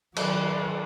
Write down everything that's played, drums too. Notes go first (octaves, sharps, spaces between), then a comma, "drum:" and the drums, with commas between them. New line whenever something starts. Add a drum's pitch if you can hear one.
D#3 F#3 B4 D5, drum: cymbal